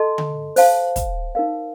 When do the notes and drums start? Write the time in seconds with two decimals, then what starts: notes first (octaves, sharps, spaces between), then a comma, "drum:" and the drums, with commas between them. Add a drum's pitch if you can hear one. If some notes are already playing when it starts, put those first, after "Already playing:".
Already playing: A4 D#5 A5 C6
0.18 drum: tom D3
0.56 C5 F5 A5, drum: open hi-hat
0.96 drum: kick, hi-hat
1.35 D#4 A#4 F5